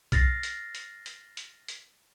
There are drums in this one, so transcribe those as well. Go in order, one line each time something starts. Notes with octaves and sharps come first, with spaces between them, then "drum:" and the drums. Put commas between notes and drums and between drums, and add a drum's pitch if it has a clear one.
F6 A6 A#6 C7, drum: kick B1, hi-hat
drum: hi-hat
drum: hi-hat
drum: hi-hat
drum: hi-hat
drum: hi-hat